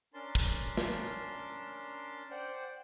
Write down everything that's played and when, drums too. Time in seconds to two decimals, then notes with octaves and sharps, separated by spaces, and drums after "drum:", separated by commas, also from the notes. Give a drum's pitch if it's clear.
0.14 C#4 D4 A#4 A5 C6
0.35 drum: kick
0.77 drum: snare
2.31 C5 D5 F#5 G5